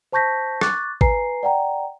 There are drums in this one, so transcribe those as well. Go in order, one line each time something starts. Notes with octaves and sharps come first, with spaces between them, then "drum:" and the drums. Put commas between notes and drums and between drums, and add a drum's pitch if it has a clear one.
C5 A5 C#6 G6 A#6 B6
C#6 D6 F#6 A6, drum: rim click
B4 G#5 A#5 C7, drum: kick G#1
D5 F#5 G5 A#5